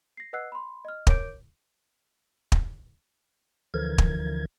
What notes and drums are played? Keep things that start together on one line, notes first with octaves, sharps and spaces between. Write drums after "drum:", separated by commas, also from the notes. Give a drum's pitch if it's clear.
A#6 C7
B4 D#5 F#5 E6 F#6 C7
B5 C6
D#5 F6
A#4 C#5 D6 G6 D7, drum: kick
drum: kick
D2 D3 E3 F3 A#4 G#6
drum: kick